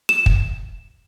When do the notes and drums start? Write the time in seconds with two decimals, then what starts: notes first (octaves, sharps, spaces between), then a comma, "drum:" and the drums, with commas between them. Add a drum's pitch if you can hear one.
0.09 E7
0.26 drum: kick